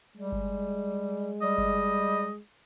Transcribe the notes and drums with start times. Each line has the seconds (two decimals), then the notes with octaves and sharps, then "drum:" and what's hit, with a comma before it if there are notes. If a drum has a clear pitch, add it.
0.16 G3 G#3
0.32 drum: kick G1
1.42 G3 D#5
1.58 drum: kick G1